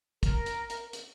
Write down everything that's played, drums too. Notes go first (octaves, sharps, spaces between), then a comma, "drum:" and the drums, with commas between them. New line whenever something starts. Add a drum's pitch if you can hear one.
A#4, drum: kick, hi-hat
drum: hi-hat
drum: hi-hat
drum: hi-hat